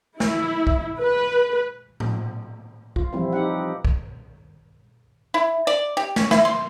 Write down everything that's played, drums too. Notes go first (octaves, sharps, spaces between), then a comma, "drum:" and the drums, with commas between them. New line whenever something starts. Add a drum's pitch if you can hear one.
E4, drum: snare
drum: kick
B4
drum: tom A2
F4, drum: kick
E3 F3 G3 C4 E4
D#4 G4 F#5
drum: kick
E4
D5
G4
C#4, drum: snare
E4, drum: snare
C6